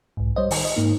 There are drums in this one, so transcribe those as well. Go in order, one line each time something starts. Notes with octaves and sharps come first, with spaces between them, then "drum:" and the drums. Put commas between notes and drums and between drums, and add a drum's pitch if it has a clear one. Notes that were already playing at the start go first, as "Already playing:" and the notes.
B1 G#2
G3 C5 C#5 D#5
D#3, drum: open hi-hat
D#5
G#2 A#3 D#4